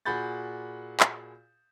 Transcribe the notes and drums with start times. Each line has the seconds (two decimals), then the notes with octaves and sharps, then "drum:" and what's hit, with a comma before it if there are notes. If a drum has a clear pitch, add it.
0.06 A#2 F#4 G#4 B5 G6 A6
1.00 drum: clap